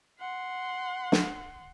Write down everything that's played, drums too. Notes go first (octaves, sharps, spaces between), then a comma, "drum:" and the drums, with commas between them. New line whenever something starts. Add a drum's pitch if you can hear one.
F#5 C6
drum: snare